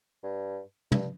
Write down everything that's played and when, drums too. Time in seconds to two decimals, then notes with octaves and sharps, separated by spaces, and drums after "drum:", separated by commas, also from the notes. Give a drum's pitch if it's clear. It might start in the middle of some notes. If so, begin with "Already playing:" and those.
0.23 G2
0.92 G2, drum: tom